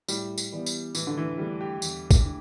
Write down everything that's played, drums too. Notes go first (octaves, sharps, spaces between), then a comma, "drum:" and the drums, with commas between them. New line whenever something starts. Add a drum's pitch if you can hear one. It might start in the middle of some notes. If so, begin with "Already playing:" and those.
A2 G3, drum: tambourine
drum: tambourine
E3 B3 G4 D5
drum: tambourine
A2 E3, drum: tambourine
D3
E3
E3 G3 A3 D4
G4
E2, drum: tambourine
drum: kick, tambourine
D3 A3